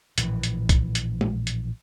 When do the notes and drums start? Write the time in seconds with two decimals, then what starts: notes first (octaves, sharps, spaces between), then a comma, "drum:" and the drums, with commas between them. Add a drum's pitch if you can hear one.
0.18 A#1 A2 E3, drum: hi-hat
0.43 drum: hi-hat
0.69 drum: kick B1, hi-hat
0.95 drum: hi-hat
1.21 drum: tom
1.47 drum: hi-hat